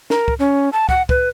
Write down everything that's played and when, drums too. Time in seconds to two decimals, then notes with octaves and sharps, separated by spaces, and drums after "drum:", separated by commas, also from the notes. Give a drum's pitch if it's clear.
0.10 A#4, drum: snare
0.28 drum: kick
0.39 C#4
0.73 A5
0.89 F#5, drum: kick
1.09 B4, drum: kick